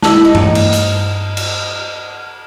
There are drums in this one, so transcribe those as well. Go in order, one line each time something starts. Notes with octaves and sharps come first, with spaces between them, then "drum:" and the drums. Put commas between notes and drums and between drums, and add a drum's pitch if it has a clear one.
E4 A5, drum: snare
D#4
drum: tom G2
drum: cymbal
drum: hi-hat
drum: cymbal